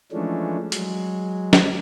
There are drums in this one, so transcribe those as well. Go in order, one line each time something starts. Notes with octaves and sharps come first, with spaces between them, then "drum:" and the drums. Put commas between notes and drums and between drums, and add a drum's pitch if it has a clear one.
E3 F3 G#3 A3 C#4 D4
F#3 G#3, drum: hi-hat
drum: snare